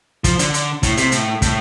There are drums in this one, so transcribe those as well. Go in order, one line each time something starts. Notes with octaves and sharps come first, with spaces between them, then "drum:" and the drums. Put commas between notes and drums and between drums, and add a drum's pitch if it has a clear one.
F3, drum: kick, hi-hat
D3, drum: hi-hat
drum: hi-hat
A2, drum: kick, hi-hat
C3, drum: hi-hat
A2, drum: hi-hat
A2, drum: kick, hi-hat